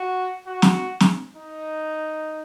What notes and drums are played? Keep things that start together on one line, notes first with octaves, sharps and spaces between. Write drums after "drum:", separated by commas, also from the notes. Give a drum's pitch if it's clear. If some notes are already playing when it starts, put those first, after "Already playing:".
Already playing: F#4
F#4
drum: snare
drum: snare
D#4